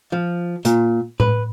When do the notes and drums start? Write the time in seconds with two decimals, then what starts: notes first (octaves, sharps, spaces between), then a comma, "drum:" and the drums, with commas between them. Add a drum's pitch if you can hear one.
0.12 F3
0.65 A#2, drum: hi-hat
1.20 B4, drum: tom A2